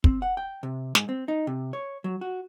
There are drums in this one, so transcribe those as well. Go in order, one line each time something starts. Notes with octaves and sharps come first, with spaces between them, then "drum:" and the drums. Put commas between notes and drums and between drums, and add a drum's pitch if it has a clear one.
C4, drum: kick
F#5
G5
C3
G#2, drum: snare
C4
D#4
C3
C#5
F#3
F#4